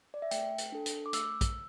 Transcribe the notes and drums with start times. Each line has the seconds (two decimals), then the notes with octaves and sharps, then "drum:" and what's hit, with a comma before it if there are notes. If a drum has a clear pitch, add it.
0.14 D5
0.22 E5
0.31 A3 G5, drum: hi-hat
0.58 drum: hi-hat
0.72 D4 A4
0.86 drum: hi-hat
1.06 D6
1.13 A3 E6, drum: hi-hat
1.41 drum: kick A#1, hi-hat